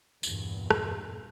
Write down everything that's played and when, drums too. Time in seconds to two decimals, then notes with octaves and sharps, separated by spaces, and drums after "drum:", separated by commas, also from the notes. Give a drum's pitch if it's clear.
0.23 E2 G2 A#2, drum: tambourine
0.70 drum: rim click